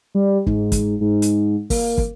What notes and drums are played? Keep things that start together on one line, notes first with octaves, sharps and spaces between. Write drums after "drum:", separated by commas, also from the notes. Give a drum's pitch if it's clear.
G3
G#2, drum: kick
drum: kick, hi-hat
G#2
drum: hi-hat
A#3, drum: kick, open hi-hat
drum: kick